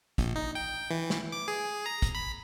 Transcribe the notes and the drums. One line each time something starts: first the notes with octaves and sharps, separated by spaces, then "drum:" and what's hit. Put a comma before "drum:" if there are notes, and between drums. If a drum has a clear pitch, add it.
A#1, drum: kick, hi-hat
D#4
G5
E3
drum: snare
D6
G#4
A#5
drum: kick, hi-hat
B5